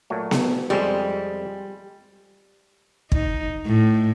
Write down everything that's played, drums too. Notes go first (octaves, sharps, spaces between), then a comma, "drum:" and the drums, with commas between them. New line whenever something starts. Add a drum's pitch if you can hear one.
A#2 F#3 A3
drum: snare B3
F2 G3 G#3 C4
D#4, drum: kick
A2